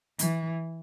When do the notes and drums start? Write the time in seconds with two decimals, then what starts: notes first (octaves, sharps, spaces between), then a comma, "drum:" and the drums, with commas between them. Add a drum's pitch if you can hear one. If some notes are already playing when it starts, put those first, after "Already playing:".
0.19 E3, drum: hi-hat